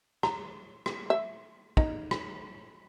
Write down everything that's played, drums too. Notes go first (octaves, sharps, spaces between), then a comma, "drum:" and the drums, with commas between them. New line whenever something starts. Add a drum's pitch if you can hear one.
A#5, drum: rim click
drum: rim click
E5
D#4, drum: kick
drum: rim click